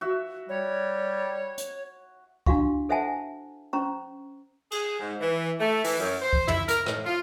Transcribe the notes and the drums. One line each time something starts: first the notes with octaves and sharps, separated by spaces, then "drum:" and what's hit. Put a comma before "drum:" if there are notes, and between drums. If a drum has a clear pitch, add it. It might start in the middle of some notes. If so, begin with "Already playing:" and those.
F#4 E5
G3 C#5
drum: hi-hat
D4 E4 F#4 F5 C#6, drum: kick C#2
A4 C5 E5 F#5 G#5 A5
C#4 C5 A#5 C#6
G#4, drum: cymbal
G#2
E3
A3
E3, drum: open hi-hat
F#2
C5
drum: kick C#2
E4, drum: tom
A#4, drum: hi-hat
A2, drum: rim click
F4